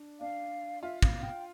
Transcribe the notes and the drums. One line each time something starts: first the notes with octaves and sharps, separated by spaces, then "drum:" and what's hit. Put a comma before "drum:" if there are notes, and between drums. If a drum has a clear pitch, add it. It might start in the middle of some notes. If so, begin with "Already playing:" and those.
Already playing: D4
D4 F5
F4 E5
F5, drum: kick
G5